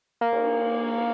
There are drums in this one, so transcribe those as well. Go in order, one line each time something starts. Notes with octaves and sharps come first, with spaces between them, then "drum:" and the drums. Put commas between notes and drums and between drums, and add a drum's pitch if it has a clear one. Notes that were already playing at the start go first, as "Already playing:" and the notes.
A#3
drum: cymbal